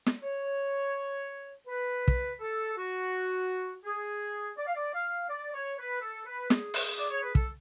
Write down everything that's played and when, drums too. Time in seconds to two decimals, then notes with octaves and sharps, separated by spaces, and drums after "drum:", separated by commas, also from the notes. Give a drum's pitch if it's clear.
0.06 drum: snare
0.22 C#5
1.67 B4
2.08 drum: kick
2.40 A4
2.77 F#4
3.85 G#4
4.57 D5
4.67 F5
4.75 D5
4.94 F5
5.29 D5
5.54 C#5
5.78 B4
6.02 A4
6.26 B4
6.50 G#4, drum: snare
6.74 drum: open hi-hat
6.97 D5
7.10 C#5
7.22 B4
7.35 A4, drum: kick